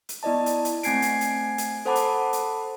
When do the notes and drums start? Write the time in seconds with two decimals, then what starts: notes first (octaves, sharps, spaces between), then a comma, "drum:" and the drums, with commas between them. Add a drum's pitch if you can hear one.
0.09 drum: hi-hat
0.23 B3 E4 D5 D#5 A5
0.46 drum: hi-hat
0.65 drum: hi-hat
0.83 A3 C4 G#5 G#6 C7 D7, drum: hi-hat
1.02 drum: hi-hat
1.21 drum: hi-hat
1.58 drum: hi-hat
1.85 A4 C5 F#5 A5 B5 D6
1.95 drum: hi-hat
2.33 drum: hi-hat